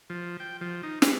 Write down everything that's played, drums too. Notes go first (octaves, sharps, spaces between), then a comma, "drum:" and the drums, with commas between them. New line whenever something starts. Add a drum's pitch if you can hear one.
F3
G5
F3
D#4
B4, drum: snare